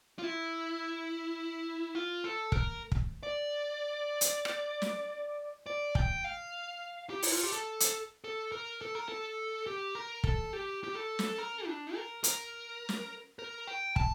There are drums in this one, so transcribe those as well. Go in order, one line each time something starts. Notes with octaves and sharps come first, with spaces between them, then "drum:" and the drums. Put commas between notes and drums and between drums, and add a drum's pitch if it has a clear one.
F4
E4
F4
A4
A#4, drum: kick
drum: kick
D5
drum: hi-hat
drum: rim click
drum: snare
D5
G5, drum: kick
F5
G4
E4, drum: open hi-hat
F4
G4
A4
drum: hi-hat
A4
A#4
A4
A#4
A4
G4
A#4
A4, drum: kick
G4
G4
A4
drum: snare
A#4
D4
A#4
A#4, drum: hi-hat
drum: snare
A#4
G5
A5, drum: kick